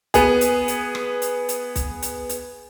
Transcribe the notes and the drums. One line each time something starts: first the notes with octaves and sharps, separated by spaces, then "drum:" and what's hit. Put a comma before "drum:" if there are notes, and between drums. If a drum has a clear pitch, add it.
B3 G#4, drum: kick, hi-hat
drum: hi-hat
drum: hi-hat
drum: rim click
drum: hi-hat
drum: hi-hat
drum: kick, hi-hat
drum: hi-hat
drum: hi-hat